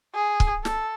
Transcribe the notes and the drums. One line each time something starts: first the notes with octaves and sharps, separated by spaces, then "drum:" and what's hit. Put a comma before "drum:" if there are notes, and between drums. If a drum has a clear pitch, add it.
G#4
drum: kick
A4, drum: snare